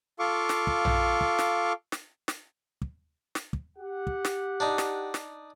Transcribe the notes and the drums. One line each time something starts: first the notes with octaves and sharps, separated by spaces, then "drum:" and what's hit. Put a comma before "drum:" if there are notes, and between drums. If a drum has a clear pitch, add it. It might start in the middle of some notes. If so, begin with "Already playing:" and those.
F4 A4 F5 C#6 D6
drum: snare
drum: kick
drum: tom A#1
drum: kick
drum: snare
drum: snare
drum: snare
drum: kick
drum: snare
drum: kick
G4 F#5
drum: kick
drum: snare
D4 D#4
drum: snare
drum: snare